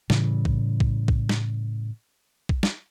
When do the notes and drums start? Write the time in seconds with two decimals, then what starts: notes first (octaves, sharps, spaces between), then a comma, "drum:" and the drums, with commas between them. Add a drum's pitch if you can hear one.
0.10 A2 C#3 E3 G3, drum: snare
0.45 drum: kick A#1
0.80 drum: kick A#1
1.08 drum: kick A#1
1.29 drum: snare
2.49 drum: kick A#1
2.63 drum: snare